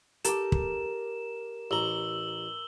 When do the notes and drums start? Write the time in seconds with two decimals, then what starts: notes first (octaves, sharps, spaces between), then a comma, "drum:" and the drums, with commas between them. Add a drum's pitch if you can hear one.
0.24 G4 A4 A#4 D6 E7, drum: hi-hat
0.52 drum: kick
1.71 A1 A#5 E6 F#7 G7